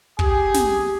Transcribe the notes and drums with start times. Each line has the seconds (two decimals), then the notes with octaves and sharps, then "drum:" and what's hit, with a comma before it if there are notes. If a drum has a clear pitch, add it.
0.19 G4 G#4, drum: kick
0.54 drum: snare